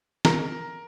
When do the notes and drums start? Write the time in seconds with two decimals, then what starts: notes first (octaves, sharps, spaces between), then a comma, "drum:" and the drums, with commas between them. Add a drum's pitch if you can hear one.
0.25 A#4, drum: snare